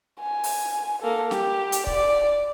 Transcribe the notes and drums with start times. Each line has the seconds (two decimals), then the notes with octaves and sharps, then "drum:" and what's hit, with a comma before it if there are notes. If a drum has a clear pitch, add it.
0.21 G#5
0.44 drum: open hi-hat
1.02 A#3 A4
1.31 G4, drum: snare
1.72 drum: hi-hat
1.87 D5, drum: kick C#1